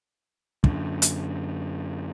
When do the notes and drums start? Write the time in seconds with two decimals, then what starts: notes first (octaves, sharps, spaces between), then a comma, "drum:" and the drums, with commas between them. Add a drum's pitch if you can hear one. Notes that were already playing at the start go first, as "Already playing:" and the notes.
0.64 F#2 D3, drum: kick
1.02 drum: hi-hat